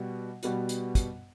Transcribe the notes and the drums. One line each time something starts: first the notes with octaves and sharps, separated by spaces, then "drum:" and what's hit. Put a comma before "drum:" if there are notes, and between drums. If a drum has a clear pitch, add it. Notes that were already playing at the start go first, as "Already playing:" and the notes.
Already playing: B2 G3 B3 F#4
B2 G3 B3 F#4, drum: hi-hat
drum: hi-hat
drum: kick, hi-hat